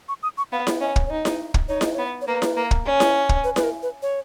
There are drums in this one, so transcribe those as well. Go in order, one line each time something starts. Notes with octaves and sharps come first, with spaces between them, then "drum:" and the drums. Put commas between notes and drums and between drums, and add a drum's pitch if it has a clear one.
C#6
D#6
C#6
B3 F5
drum: snare E4
C#4 D#5
drum: kick
C#5
D#4 D#5
drum: snare E4
drum: kick
D#4 C#5
D#5, drum: snare E4
B3 C#5
C#5
A#3 B4
drum: snare E4
A#3
drum: kick
C#4
drum: snare E4
drum: kick
B4
B4, drum: snare E4
A#4
B4
C#5